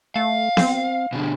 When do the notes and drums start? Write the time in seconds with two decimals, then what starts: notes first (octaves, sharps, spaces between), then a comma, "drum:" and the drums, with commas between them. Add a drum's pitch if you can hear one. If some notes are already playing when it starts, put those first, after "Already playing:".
0.16 A3 F5
0.57 C4, drum: snare B3
1.13 B2 D3